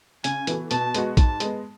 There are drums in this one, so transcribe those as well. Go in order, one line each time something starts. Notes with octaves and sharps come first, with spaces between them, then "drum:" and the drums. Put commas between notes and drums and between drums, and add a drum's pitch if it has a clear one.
C#3 G#5, drum: hi-hat
E3 B3 F#4 A4, drum: hi-hat
B2 A5, drum: hi-hat
G#3 B3 F#4, drum: hi-hat
G#2 A5, drum: kick A#1, hi-hat
G#3 B3, drum: hi-hat